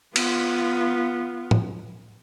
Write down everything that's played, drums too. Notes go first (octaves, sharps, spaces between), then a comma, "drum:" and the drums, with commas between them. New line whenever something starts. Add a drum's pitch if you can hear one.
B3 F4, drum: cymbal
drum: tom A2